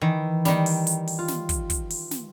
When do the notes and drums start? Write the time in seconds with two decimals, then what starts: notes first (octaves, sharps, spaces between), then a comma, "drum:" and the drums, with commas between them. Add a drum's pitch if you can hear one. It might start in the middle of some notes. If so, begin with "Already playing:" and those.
0.02 D#3 E3
0.45 D#3 G3, drum: snare
0.66 drum: open hi-hat
0.87 drum: hi-hat
1.07 drum: open hi-hat
1.19 F4
1.28 drum: snare
1.49 drum: kick, hi-hat
1.70 drum: kick, hi-hat
1.90 drum: open hi-hat
2.11 drum: snare